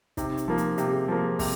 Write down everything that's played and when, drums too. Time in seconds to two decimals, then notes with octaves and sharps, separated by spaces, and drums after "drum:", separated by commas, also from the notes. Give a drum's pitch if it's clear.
0.17 C3 D#4, drum: kick, hi-hat
0.37 drum: hi-hat
0.48 F3 A#3
0.58 drum: hi-hat
0.78 C3 G4, drum: hi-hat
0.88 G4
0.93 G#4
1.08 F3 A#3 G#4
1.23 G#4
1.39 C3, drum: kick, open hi-hat